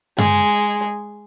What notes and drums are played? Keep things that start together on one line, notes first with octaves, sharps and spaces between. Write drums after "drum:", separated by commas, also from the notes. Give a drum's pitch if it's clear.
G#3, drum: tom G2